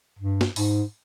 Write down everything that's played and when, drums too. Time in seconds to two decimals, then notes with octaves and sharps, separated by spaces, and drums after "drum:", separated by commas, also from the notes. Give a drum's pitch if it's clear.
0.19 G2
0.41 drum: snare
0.56 G#2, drum: open hi-hat